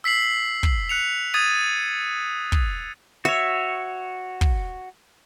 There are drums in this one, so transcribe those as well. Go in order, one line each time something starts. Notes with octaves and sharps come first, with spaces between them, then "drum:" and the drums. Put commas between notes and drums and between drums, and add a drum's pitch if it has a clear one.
E6 B6 C7 F#7
drum: kick
F#6 C#7 F7
D#6 G#6 A6 D#7
drum: kick
F#4 C#5 E5
drum: kick